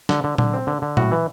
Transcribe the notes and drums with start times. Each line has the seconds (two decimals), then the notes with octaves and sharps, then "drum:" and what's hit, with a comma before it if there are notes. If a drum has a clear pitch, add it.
0.09 D3, drum: snare
0.24 D3
0.38 D3, drum: tom A#2
0.53 C4
0.67 D3
0.82 D3
0.97 A2 F#4, drum: tom A#2
1.11 E3